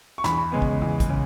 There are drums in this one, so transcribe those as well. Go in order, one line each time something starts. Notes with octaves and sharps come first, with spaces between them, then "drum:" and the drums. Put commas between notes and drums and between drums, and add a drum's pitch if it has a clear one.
C#6
E2 B5, drum: snare
C#3 G#3 B3
drum: kick
E2
drum: kick, hi-hat
C#3